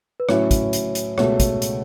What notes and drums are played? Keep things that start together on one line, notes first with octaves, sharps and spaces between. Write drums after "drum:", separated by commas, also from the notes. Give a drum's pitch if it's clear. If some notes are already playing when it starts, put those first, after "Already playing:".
B4
A2 F#3 C#4 E4 C#5, drum: rim click
drum: kick, hi-hat
drum: hi-hat
drum: hi-hat
C#2 B2 A3 C#5, drum: rim click
drum: kick, hi-hat
drum: hi-hat